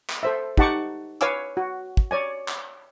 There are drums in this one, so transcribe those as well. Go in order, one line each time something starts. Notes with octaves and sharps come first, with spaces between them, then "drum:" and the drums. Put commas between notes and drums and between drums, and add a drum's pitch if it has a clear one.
drum: clap
A4 C5 E5
D#4 G4 F#5 A5 C#6 D6, drum: kick
B4 C#5 F5 G#5 D6 E6, drum: hi-hat
F#4
drum: kick
C#5 D5 G#5
drum: clap